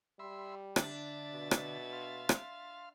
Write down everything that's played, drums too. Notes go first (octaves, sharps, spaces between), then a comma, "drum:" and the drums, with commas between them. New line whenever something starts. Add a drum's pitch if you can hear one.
G3 E5 B5 C6
D3 D4 E5 A6, drum: rim click
B2
drum: rim click
F5 C6
drum: rim click